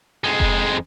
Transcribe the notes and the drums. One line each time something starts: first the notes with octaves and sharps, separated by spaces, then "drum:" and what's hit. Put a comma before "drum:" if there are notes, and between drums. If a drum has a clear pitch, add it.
F2 G#3
drum: kick F1